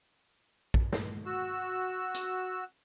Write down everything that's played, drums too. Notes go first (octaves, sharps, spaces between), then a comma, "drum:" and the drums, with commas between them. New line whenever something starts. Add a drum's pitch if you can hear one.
drum: kick A#1
drum: snare
F#4 E6
drum: hi-hat